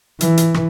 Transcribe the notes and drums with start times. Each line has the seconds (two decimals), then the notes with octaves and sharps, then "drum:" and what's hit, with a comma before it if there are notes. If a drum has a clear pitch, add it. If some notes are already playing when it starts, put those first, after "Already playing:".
0.21 E3, drum: hi-hat
0.37 drum: hi-hat
0.54 drum: rim click